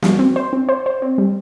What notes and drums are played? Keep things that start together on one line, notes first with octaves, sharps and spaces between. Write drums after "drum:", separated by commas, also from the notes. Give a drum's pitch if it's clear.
G3, drum: snare
C4
C5
C4
C5
C5
C4
G3